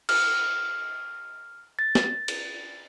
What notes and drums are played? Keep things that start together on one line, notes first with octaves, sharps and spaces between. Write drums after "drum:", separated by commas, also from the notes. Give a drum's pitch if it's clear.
F6, drum: cymbal
A6
drum: snare
drum: cymbal